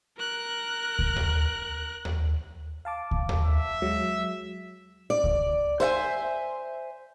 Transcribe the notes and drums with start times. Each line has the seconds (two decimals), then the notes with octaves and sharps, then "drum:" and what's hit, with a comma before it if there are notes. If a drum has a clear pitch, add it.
0.18 A#4 F#6
0.99 drum: kick C#2
1.16 drum: tom D#2
2.05 drum: tom D#2
2.85 F5 A5 D6
3.11 drum: kick C#2
3.29 drum: tom D#2
3.46 E5
3.82 F#3 G#3
5.10 D5
5.24 drum: kick C#2
5.80 C5 E5 F#5 G#5